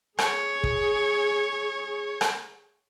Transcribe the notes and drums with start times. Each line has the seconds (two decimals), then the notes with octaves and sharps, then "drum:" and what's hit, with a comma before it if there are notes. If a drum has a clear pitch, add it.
0.19 G#4 C#5, drum: rim click
0.63 drum: kick
2.21 drum: rim click